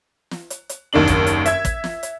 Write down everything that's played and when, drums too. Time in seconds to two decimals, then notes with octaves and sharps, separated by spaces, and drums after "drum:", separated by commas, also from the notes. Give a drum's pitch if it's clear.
0.31 drum: snare
0.50 drum: hi-hat
0.69 drum: hi-hat
0.93 F#1 D#2 D#3 D4 F#7
1.08 drum: kick, hi-hat
1.27 drum: hi-hat
1.46 E5 G#6, drum: hi-hat
1.65 drum: kick, hi-hat
1.84 drum: snare
2.03 drum: hi-hat